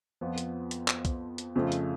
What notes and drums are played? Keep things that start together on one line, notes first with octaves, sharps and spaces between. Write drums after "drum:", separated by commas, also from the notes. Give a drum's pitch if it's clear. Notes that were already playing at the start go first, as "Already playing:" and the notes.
F2 F3 B3
drum: hi-hat
drum: hi-hat
drum: clap
drum: kick, hi-hat
drum: hi-hat
F2 C#3 F3 A3
drum: hi-hat